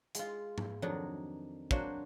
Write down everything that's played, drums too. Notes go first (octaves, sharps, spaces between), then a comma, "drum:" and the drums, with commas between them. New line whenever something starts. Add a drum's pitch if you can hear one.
G#3 F4, drum: hi-hat
drum: tom G#2
F2 D#3 F#3 D4 D#4
F#3 A#3 D4 F#4 C5, drum: kick